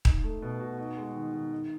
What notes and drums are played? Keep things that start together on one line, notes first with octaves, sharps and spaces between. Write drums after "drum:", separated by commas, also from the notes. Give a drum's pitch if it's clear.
D#4, drum: kick D#1
A3
B2
F#4
D#4
G#3
D#3
D#3
D#4